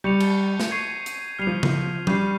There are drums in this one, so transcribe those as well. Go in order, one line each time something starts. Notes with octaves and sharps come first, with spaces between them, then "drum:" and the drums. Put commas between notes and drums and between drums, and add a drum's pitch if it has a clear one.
G3 C#6 G6 C#7 F7
drum: cymbal
drum: snare
C#6 G#6 C7 D#7
drum: hi-hat
G3 F6 C7 F7
F3
F3, drum: tom C#3
G3 C#6 G6 C7, drum: tom F3